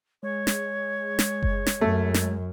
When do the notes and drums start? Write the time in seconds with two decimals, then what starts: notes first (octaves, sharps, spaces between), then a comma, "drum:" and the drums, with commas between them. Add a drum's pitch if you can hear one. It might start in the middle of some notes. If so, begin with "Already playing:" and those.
0.23 G#3 C#5
0.47 drum: snare
1.19 drum: snare
1.43 drum: kick F#1
1.66 drum: snare
1.81 F#2 A3
2.14 drum: snare